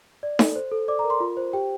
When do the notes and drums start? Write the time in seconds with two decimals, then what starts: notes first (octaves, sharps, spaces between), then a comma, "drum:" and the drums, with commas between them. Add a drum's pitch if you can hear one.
0.23 D5
0.39 A4, drum: snare D#4
0.56 C5
0.72 A4
0.88 D5 D6
0.99 A#5
1.04 A#4
1.10 C6
1.20 F4
1.37 C5
1.53 G4 G5